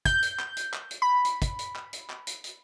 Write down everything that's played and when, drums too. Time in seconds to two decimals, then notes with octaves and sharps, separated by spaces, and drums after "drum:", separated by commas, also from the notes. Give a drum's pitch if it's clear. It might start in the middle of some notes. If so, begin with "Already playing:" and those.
0.05 G6, drum: kick, hi-hat
0.22 drum: hi-hat
0.40 drum: clap
0.57 drum: hi-hat
0.74 drum: clap
0.91 drum: hi-hat
1.02 B5
1.25 drum: hi-hat
1.42 drum: kick, hi-hat
1.59 drum: hi-hat
1.76 drum: clap
1.93 drum: hi-hat
2.10 drum: clap
2.27 drum: hi-hat
2.44 drum: hi-hat